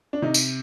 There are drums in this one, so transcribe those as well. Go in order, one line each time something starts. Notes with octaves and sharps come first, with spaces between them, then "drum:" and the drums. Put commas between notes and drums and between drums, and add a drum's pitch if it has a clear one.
D4
C3 D#4
drum: tambourine